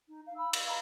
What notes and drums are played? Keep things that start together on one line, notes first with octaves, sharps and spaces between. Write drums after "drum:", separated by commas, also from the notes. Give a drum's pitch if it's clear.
D#4
F5
B5 E6
F5, drum: cymbal
D#5 A5 A#5